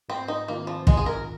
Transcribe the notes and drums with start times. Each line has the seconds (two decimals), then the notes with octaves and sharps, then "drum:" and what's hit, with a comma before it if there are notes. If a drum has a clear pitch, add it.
0.09 G#2 C4
0.28 D#4
0.48 D#3 A#3 C4 F4
0.67 F3
0.87 G#2 G#3, drum: kick
0.97 G#4
1.06 A#4